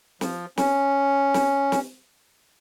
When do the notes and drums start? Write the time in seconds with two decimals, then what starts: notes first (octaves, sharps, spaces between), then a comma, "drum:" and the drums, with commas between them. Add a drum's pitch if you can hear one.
0.21 F3, drum: snare
0.57 C#4, drum: snare
1.34 drum: snare
1.72 drum: snare